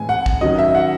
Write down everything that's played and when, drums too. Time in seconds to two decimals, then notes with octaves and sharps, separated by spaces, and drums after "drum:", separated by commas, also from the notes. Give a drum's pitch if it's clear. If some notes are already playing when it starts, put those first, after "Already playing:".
Already playing: A2 E3 G#3 C4 G#5
0.09 F#5
0.26 drum: kick A#1
0.41 D#3 F#3 C#4 D#5
0.58 E5
0.75 F#5